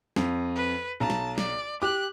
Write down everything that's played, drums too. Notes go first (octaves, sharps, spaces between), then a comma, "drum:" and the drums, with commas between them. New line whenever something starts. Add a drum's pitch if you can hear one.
F2, drum: snare
B4
B1 A5 A#5
drum: snare
D5, drum: snare
G4 D6 F#6